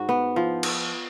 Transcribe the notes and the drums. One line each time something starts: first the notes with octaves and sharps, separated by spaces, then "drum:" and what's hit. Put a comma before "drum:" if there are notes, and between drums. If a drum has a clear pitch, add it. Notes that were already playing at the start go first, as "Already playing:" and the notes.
Already playing: G#2 F#4
B3
F3
drum: cymbal